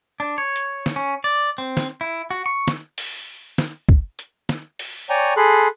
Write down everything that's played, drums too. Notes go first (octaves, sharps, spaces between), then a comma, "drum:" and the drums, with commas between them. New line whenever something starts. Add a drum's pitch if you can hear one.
D4
C#5
drum: hi-hat
drum: snare
C#4
D5
C4
drum: snare
E4
F#4
C#6
drum: snare
drum: open hi-hat
drum: snare
drum: kick
drum: hi-hat
drum: snare
drum: open hi-hat
C#5 D5 G5 G#5 A#5 C#6
G#4 A4 B5 C6 F#6